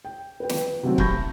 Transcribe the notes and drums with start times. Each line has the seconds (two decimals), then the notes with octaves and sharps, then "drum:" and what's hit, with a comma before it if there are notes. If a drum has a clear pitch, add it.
0.05 G5
0.40 B4 G5
0.49 drum: snare
0.83 C3 D#3 F#3 G3 A3 C4
0.98 E5 A5 B5 C#6 G6 A#6, drum: kick C#1